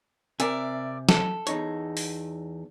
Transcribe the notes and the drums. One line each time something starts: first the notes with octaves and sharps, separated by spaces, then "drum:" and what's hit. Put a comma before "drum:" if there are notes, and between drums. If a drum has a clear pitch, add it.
C3 A#4 D5 E5 G#5, drum: hi-hat
A4, drum: snare
E2 D#4 C#5, drum: hi-hat
drum: open hi-hat